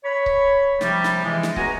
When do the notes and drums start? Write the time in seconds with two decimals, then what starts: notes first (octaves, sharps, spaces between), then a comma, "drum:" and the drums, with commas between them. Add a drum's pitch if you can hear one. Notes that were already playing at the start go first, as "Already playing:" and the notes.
0.04 C#5 B5
0.26 drum: kick C#1
0.81 C3 F3 G3, drum: snare
1.04 drum: snare
1.24 E3 G#3
1.43 drum: snare
1.56 C#2 B3 F#4 G#5 A#5, drum: kick C#1